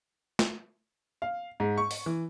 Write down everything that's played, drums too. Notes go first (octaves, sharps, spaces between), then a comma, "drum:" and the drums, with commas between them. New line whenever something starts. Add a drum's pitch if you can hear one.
drum: snare
F5
G#2
C#6
drum: open hi-hat
E3